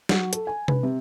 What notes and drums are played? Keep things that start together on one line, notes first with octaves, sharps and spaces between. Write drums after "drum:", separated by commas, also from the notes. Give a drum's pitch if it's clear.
F#3, drum: snare
A4, drum: hi-hat
G#5
B4, drum: tom C3
C3